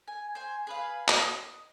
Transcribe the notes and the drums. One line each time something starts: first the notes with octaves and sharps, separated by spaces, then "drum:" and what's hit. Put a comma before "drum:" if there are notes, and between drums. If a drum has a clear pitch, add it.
G#5
C5 G#5
G#4 B4 F5
D#5, drum: clap